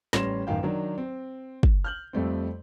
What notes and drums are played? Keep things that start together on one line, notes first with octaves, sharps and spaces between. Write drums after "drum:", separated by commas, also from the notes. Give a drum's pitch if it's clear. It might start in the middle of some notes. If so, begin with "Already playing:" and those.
A1 G3 C#4 C6 A#6 E7, drum: snare
A1 F#2 D#3 F5 G5
D#3 F#3 D4
C4
drum: kick
F6 G6 F#7
F2 G3 A3 C4